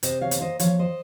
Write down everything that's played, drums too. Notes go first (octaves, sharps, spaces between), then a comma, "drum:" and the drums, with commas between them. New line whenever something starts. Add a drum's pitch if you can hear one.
C3 C5 D#5, drum: hi-hat
C#5 F5
A#3, drum: hi-hat
C5 D#5
F3 C#5 F5, drum: hi-hat
C5 D#5